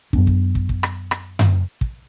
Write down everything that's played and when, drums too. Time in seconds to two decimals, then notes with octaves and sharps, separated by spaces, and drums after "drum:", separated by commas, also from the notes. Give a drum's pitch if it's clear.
0.13 F#2 B3 D4, drum: kick
0.27 drum: kick
0.55 drum: kick
0.69 drum: kick
0.83 drum: rim click
1.11 drum: rim click
1.39 drum: tom F#2
1.81 drum: kick